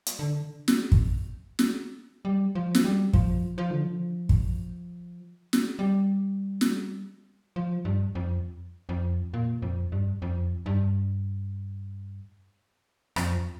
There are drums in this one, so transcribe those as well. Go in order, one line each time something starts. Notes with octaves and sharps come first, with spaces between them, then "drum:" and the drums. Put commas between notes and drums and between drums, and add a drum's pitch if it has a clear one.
drum: hi-hat
D3
drum: snare
drum: kick
drum: snare
G3
F3
drum: snare
G3
F3, drum: kick
F3
D3
F3
drum: kick
drum: snare
G3
drum: snare
F3
G2
F2
F2
A#2
F2
G2
F2
G2
F2, drum: rim click